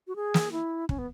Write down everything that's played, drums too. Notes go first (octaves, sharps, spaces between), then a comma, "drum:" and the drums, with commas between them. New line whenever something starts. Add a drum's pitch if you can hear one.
F#4
G#4
drum: snare
E4
C#4, drum: kick
B3